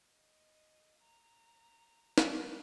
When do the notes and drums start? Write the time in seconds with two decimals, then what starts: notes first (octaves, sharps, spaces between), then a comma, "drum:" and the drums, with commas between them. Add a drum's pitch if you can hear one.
0.11 D#5
0.99 A#5
2.18 drum: snare